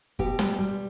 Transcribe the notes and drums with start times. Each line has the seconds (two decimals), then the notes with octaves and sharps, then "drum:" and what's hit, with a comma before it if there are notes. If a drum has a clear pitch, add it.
0.19 B2 G4, drum: kick
0.39 G3, drum: snare
0.59 G3